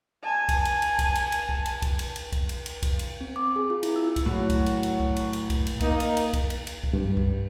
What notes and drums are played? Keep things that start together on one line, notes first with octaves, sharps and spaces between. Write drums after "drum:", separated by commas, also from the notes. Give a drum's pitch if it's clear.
G#5 A5
drum: kick, cymbal
drum: cymbal
drum: cymbal
drum: kick, cymbal
drum: cymbal
drum: cymbal
drum: kick
drum: cymbal
drum: kick, cymbal
drum: cymbal
drum: cymbal
drum: kick, cymbal
drum: cymbal
drum: cymbal
drum: kick, cymbal
drum: cymbal
C4
D6
G#4
F4
E4, drum: cymbal
E6
drum: kick, cymbal
A2 F#3 F#4
drum: kick, cymbal
drum: cymbal
drum: cymbal
drum: kick
drum: cymbal
drum: cymbal
drum: kick, cymbal
drum: cymbal
A#3 D#4, drum: kick, cymbal
drum: cymbal
drum: cymbal
drum: kick, cymbal
drum: cymbal
drum: cymbal
drum: kick
G2
drum: kick